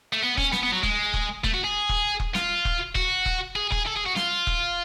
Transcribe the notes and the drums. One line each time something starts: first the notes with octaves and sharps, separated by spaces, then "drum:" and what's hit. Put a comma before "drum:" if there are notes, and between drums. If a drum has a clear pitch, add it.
A3
B3
C#4, drum: kick E1
B3, drum: snare
B3
F#3
G#3, drum: kick E1
drum: kick E1
A3, drum: kick E1
F#4
G#4
drum: kick E1
drum: kick E1
F4, drum: snare
drum: kick E1
F#4, drum: kick E1
drum: kick E1
G#4
G#4, drum: kick E1
A4
G#4
F#4
F4, drum: snare
drum: kick E1